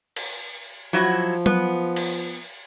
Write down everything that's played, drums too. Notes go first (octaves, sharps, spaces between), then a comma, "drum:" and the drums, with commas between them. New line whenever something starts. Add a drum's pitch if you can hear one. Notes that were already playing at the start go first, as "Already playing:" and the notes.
drum: cymbal
F3 F#3 E4 F#4
B3, drum: tom F#3
drum: cymbal